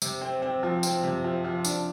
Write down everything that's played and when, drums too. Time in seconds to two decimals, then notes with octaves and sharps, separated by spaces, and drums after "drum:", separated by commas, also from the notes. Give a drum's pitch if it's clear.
0.02 C3, drum: tambourine
0.21 C4
0.42 C4
0.63 F3
0.83 C4, drum: tambourine
1.04 C3
1.24 F3
1.44 F3
1.65 D4, drum: tambourine